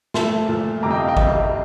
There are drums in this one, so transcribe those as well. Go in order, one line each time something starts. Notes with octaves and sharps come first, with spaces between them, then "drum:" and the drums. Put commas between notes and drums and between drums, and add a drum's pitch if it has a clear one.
A#2 F3 A3 A5 C6, drum: snare
A#2 F3 A3
F2 C3 G3 A#5 D6
D#5 G5
F5
D#5 G5
F2 C3 G3, drum: kick